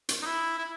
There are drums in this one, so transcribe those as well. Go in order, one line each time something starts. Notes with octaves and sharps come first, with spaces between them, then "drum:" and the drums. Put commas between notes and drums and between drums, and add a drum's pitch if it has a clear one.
drum: hi-hat
D#4
E4
E4